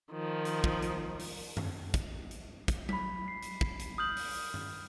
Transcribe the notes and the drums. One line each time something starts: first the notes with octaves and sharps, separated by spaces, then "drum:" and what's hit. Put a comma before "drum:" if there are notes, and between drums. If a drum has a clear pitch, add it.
D#3 F3
drum: hi-hat
drum: kick
drum: hi-hat
drum: open hi-hat
drum: tom F#2
drum: kick, hi-hat
drum: hi-hat
drum: kick, hi-hat
B5 B6, drum: tom F#3
C7
drum: hi-hat
drum: kick
drum: hi-hat
D#6 F6 G6 F#7
drum: open hi-hat
drum: tom G2